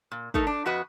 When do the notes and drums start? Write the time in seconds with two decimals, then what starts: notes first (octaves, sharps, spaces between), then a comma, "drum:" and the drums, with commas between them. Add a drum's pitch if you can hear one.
0.12 A#2
0.34 A3 D#4 A4 A#4, drum: kick
0.47 D4
0.66 F2 F#4 B4 D#5